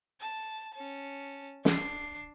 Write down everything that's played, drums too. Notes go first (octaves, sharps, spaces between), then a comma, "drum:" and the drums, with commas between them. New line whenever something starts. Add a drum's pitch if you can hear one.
A5
C#4 A5
D4 C7, drum: snare